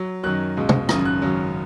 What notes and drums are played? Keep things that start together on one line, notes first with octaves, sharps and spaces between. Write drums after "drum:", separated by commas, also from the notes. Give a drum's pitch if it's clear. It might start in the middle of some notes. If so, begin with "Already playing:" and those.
Already playing: F#3
F#2 D#3 F#3 F#6
C#2 B2 G#3
drum: tom
G#1 F#2 C#3 D#6, drum: rim click
F#6
G#1 F#2 C#3 F#3